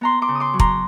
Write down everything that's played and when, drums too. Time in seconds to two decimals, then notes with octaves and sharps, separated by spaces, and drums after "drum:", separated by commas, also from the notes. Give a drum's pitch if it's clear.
0.01 B3 A#5 C6
0.22 C6 D6
0.28 C#3
0.35 D#6
0.40 C6 D6
0.53 F#3
0.60 A#5 C6, drum: kick